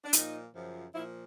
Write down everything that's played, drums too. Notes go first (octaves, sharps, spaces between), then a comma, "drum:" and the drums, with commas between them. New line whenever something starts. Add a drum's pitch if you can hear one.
D4
A#2 F3 D#4, drum: hi-hat
F#2 C#3 F3
A#2 F3 E4